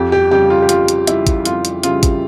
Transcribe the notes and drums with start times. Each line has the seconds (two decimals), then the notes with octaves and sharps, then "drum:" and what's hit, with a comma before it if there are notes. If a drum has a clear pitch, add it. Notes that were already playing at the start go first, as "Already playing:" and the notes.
Already playing: F2 G4
0.12 G4
0.31 C#3 G3 G4
0.50 F4
0.62 G4
0.69 F2 F4, drum: hi-hat
0.88 drum: hi-hat
1.07 C#3 G3 E4, drum: hi-hat
1.27 drum: kick G#1, hi-hat
1.45 F2 F4, drum: hi-hat
1.65 drum: hi-hat
1.83 C#3 G3 F4, drum: hi-hat
2.03 drum: kick G#1, hi-hat